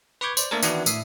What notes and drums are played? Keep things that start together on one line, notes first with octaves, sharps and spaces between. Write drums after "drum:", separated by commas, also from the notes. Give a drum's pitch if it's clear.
B4 B5 C#6 D6 G6 G#6
C5 D5, drum: tambourine
A3 A#3 D4 A4 A#4
D#3 E3 B3 D4 E4 F#4, drum: tambourine
A2 E5 D#6 C7, drum: tambourine